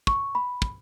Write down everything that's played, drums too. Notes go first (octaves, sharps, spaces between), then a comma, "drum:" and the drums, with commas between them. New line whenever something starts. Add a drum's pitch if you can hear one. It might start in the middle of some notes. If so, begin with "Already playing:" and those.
C#6, drum: kick
B5
drum: kick